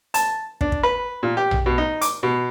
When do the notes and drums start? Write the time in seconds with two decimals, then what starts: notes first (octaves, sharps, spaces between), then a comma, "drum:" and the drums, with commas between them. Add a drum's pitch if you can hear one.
0.14 A5, drum: hi-hat
0.61 D4, drum: kick
0.72 drum: kick
0.83 B4
1.23 A#2
1.37 G4
1.51 drum: tom A#1
1.66 B2
1.78 D#4
2.01 D6, drum: hi-hat
2.23 B2